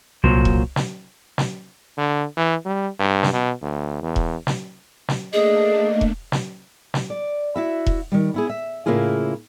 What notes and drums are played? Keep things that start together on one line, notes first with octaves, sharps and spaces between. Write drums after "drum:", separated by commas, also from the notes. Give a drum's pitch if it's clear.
C2 A#2 F#3 C5
drum: kick E1
drum: snare
drum: snare
D3
E3
G3
G2
drum: snare
B2
D2
E2
drum: kick E1
drum: snare
drum: snare
A3 A#3 D4 G#4 D#5
drum: kick E1
drum: snare
drum: snare
D5
E4 F#4 E5
drum: kick E1
D#3 G3
B3 E4 G#4
E5
A2 C#3 A#3 E4 F4 G#4